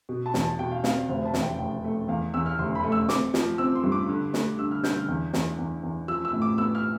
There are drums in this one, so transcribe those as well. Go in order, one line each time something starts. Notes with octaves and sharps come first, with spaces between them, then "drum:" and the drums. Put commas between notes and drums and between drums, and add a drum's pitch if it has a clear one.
B2
A5
E2, drum: snare
A5
B2 G5
F5
C4 F5, drum: snare
D5
F1 C5
A5
E2, drum: snare
G5
F1 G5
A3
E2 F5
E2 E6
F6
F1 C6
B5
A3
E6
C4 D6, drum: snare
F3, drum: snare
C4 E6
C6
G2
D6
D3
A3, drum: snare
D3 E6
F6
D3 G6, drum: snare
F6
E2
E2, drum: snare
E2
E2
F3 E6
E6
A2
D6
B3 E6
F6